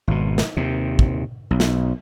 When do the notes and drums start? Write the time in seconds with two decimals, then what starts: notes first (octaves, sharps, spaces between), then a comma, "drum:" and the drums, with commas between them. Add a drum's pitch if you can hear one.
0.07 G#1 B2
0.38 drum: snare
0.57 D#2 C3
0.99 drum: kick
1.51 B1
1.60 drum: snare